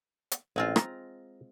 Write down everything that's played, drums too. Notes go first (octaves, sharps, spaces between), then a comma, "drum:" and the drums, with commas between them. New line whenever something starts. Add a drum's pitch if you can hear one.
drum: hi-hat
A1 G#3 C4 F4
A#5, drum: rim click